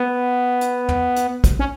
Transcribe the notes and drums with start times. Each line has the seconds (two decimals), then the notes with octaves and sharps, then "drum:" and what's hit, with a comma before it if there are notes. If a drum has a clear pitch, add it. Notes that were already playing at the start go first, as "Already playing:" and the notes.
Already playing: B3
0.61 drum: hi-hat
0.89 drum: tom
1.16 drum: hi-hat
1.44 drum: kick, hi-hat
1.59 C#4